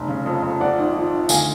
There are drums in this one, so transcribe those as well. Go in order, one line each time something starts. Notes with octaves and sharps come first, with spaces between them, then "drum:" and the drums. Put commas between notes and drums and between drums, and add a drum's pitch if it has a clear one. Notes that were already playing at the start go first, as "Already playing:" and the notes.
Already playing: F1
C#3
F2
F2
F3 D5 F#5
G#1
F3
G#1
D2 F5 G#5, drum: tambourine